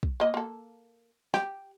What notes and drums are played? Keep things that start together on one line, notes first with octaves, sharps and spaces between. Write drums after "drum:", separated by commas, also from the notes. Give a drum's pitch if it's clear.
drum: kick
A#3 D#5
A#3 A4
G4, drum: snare